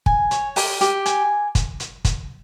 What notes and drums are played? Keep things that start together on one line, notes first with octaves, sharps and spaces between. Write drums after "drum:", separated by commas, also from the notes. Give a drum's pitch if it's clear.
G#5, drum: kick
C#5, drum: hi-hat
G4, drum: open hi-hat
G4, drum: hi-hat
G#5, drum: hi-hat
drum: kick, hi-hat
drum: hi-hat
drum: kick, hi-hat